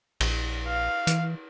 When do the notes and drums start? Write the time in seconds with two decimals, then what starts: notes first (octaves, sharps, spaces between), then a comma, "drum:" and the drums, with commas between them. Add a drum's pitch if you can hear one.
0.20 A#1, drum: cymbal
0.67 F5
1.07 E3, drum: hi-hat